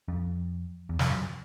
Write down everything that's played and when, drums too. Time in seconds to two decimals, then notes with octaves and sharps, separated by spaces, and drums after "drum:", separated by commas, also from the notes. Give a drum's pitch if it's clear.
0.08 F2
0.89 E2
0.99 F2, drum: snare
1.10 F#2